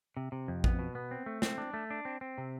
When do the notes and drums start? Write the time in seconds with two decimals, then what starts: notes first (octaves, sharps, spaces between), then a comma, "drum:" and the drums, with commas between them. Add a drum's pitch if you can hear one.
0.17 C3
0.32 C3
0.48 F2
0.64 B3, drum: kick A1
0.79 B2
0.95 B3
1.11 C4
1.26 A3
1.42 C4, drum: snare
1.58 D4
1.74 A3
1.91 D4
2.05 C4
2.21 C4
2.38 C3